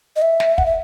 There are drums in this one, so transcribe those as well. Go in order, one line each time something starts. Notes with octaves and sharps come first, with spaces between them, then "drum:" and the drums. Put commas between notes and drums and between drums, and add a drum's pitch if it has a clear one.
D#5
E5
drum: snare
F#5, drum: kick
E5